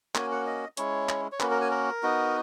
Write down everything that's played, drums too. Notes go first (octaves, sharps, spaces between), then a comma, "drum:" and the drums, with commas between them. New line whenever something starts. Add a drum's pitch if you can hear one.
A#3 C#4 F#4 G#5, drum: clap
F#5
D#5
G#3 C#4 E4 C#5, drum: hi-hat
drum: clap
C#5
A#3 C#4 F#4 B4, drum: clap
A#4
G#5
A#4
B3 D#4 F#4